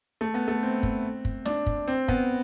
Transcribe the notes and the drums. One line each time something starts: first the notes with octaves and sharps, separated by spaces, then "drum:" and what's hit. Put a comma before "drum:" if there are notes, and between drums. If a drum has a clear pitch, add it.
A3
B3
A3
C4
drum: kick
drum: kick
D4, drum: snare
drum: kick
C4
B3, drum: kick